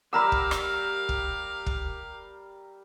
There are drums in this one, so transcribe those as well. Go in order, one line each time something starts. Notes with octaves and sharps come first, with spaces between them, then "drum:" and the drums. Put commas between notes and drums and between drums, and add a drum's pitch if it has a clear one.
G3 G4 A#4 F5 F#5 A#5 B5 E6
drum: kick
drum: rim click
drum: kick
drum: kick